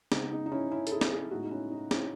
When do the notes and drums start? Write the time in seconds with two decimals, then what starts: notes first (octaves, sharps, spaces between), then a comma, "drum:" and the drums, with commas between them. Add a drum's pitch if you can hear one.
0.12 C#3 G#3 B3 D#4, drum: snare
0.31 D#4
0.46 D#4
0.52 C#4 E4
0.71 C#4 E4
0.87 A4, drum: hi-hat
0.91 E4 G#4
1.01 drum: snare
1.11 E4 G#4
1.31 A2 G#3 B3 D#4 F#4
1.43 D#4
1.51 C#4 E4
1.72 D#4
1.91 C#4 E4, drum: snare